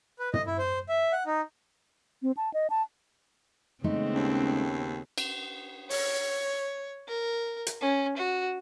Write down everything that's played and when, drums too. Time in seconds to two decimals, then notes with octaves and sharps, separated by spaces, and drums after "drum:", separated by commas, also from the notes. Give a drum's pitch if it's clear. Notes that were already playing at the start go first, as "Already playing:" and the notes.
0.19 B4
0.34 D#5, drum: tom
0.47 E4
0.58 C5
0.89 E5
1.12 F#5
1.26 D#4
2.23 C4
2.37 A5
2.54 D#5
2.70 A5
3.84 C#3 G#3 A3 B3 C4 D#4
4.14 D#2 C#4
5.18 drum: cymbal
5.90 C#5, drum: open hi-hat
7.08 A#4
7.67 drum: hi-hat
7.81 C#4
8.17 F#4